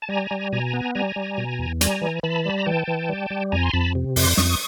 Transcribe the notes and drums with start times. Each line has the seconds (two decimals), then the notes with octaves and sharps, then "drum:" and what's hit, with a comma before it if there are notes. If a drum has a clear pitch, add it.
0.02 A5
0.09 G3 G#5 A#5
0.31 G3
0.52 B2 G#5 A#5
0.73 B3
0.95 G3 G#5 A#5
1.16 G3
1.38 B2
1.59 E2
1.81 G3 G#5 A#5, drum: hi-hat
2.02 E3
2.23 E3 A5 B5
2.46 G3
2.57 A#5
2.66 E3 G5 A5
2.87 E3
3.09 G3
3.30 G3
3.52 F2 G#5 A#5
3.63 C6
3.73 F2 A5 B5
3.95 C3
4.16 F2 C6 D6, drum: open hi-hat
4.37 F2 C#6 D#6, drum: snare